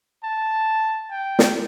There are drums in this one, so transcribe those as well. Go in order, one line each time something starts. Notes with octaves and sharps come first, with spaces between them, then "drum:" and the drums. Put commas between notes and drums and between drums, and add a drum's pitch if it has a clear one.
A5
G5
drum: snare